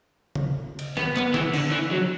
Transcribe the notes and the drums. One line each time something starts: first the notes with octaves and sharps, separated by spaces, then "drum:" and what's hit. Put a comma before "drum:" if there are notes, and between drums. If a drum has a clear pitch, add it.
drum: tom C#3
drum: cymbal
B3, drum: snare
B3, drum: clap
E3, drum: snare
D3, drum: cymbal
E3
F#3